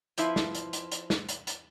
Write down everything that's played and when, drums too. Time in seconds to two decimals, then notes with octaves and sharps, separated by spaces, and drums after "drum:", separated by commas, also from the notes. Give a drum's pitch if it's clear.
0.18 F3 C4 E4 B4, drum: hi-hat
0.36 drum: snare
0.55 drum: hi-hat
0.73 drum: hi-hat
0.92 drum: hi-hat
1.10 drum: snare
1.29 drum: hi-hat
1.47 drum: hi-hat